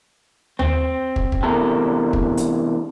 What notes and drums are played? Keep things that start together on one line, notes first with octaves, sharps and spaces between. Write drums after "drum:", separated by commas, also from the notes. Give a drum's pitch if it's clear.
C4, drum: tom D#2
drum: kick
drum: kick
E2 C3 A4 A#4
drum: kick
drum: hi-hat